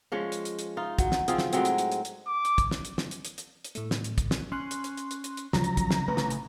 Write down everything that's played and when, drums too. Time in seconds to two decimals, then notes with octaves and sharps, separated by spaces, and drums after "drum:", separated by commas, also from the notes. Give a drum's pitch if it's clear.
0.12 F3 G#3 C#4 C#5
0.32 drum: hi-hat
0.45 drum: hi-hat
0.59 drum: hi-hat
0.77 D#4 F4
0.99 F#3, drum: kick, hi-hat
1.12 drum: snare
1.28 F3 C4 F4 G#4, drum: hi-hat
1.38 drum: snare
1.53 A2 F#3 G#3 C4, drum: hi-hat
1.65 drum: hi-hat
1.78 drum: hi-hat
1.92 drum: hi-hat
2.05 drum: hi-hat
2.27 D6
2.45 drum: hi-hat
2.58 drum: kick, hi-hat
2.71 drum: snare
2.85 drum: hi-hat
2.98 drum: snare
3.11 drum: hi-hat
3.25 drum: hi-hat
3.38 drum: hi-hat
3.64 drum: hi-hat
3.75 A2 A3, drum: hi-hat
3.91 drum: snare
4.04 drum: hi-hat
4.18 drum: kick, hi-hat
4.31 drum: snare
4.52 C#4 C6 F#6
4.71 drum: hi-hat
4.84 drum: hi-hat
4.97 drum: hi-hat
5.11 drum: hi-hat
5.24 drum: hi-hat
5.37 drum: hi-hat
5.53 D2 C#3 F3 F#3 A#5, drum: snare
5.64 drum: hi-hat
5.77 drum: kick, hi-hat
5.91 drum: snare
6.08 A1 A3 C#4 B4
6.17 drum: snare
6.30 drum: hi-hat